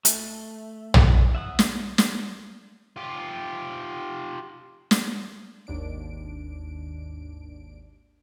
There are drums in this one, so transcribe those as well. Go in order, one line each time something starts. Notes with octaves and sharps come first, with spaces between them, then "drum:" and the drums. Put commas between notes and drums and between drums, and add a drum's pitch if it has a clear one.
A3, drum: hi-hat
drum: tom
E5 F#5 D#6
drum: snare
drum: snare
F4 G4
drum: snare
G#1 D#2 D4 D7